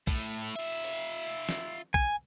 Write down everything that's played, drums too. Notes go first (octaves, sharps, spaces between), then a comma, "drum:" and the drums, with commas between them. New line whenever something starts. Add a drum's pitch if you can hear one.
A2 A3, drum: kick
F4 E5
drum: open hi-hat
drum: snare
G#5, drum: kick